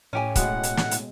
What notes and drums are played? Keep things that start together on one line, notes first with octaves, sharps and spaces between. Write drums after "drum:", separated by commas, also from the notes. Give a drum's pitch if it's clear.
A2 C#4 G4 G#5
B2 G#3 B3 F#5, drum: kick, hi-hat
drum: hi-hat
drum: snare
drum: hi-hat